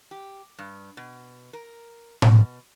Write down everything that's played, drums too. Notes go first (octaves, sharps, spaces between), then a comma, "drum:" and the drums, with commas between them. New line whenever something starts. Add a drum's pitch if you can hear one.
G4
G2
B2
A#4
B2, drum: tom A2